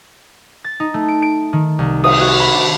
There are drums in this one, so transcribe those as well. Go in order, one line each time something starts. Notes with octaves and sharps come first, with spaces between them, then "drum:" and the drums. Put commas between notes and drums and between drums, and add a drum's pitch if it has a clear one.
A6
D#4
A3
D7
D7
D#3
C2
D#6, drum: cymbal
F#4
B5
D4